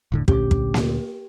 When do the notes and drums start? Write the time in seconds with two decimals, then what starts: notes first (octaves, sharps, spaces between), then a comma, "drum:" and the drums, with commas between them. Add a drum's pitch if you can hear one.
0.12 E1 A2 D3
0.28 D2 A#2 C#4 G4 D6, drum: kick
0.51 drum: kick
0.74 drum: snare A#3